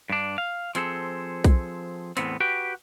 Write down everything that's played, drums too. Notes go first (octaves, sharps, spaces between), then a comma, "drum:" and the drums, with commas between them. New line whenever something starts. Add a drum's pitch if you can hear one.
G2 D4
F5
F3 C4 G#4 A4, drum: hi-hat
drum: kick B1, hi-hat
E2 A2 E3 B3 C4, drum: hi-hat
F#4 G4 B4 G5